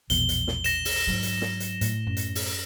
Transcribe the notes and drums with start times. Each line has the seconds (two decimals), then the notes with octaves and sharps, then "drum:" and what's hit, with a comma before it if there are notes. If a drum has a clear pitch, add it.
0.10 A#1 E2 B2 G7, drum: hi-hat
0.29 drum: hi-hat
0.48 drum: snare
0.64 A#6 E7, drum: hi-hat
0.85 drum: open hi-hat
1.07 G#2 F#3
1.23 drum: hi-hat
1.41 drum: snare
1.60 drum: hi-hat
1.81 A2, drum: hi-hat
2.07 F#2
2.17 drum: hi-hat
2.35 drum: open hi-hat